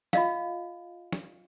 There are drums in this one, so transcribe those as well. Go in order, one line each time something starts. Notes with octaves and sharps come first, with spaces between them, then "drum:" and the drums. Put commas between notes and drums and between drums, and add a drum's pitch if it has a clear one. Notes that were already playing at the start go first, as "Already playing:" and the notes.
F4 D#5 F5, drum: snare
drum: snare